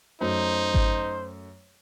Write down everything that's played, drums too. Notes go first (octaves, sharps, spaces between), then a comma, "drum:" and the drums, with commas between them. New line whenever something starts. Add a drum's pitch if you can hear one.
F#2 A3 D#4 C5
drum: kick G#1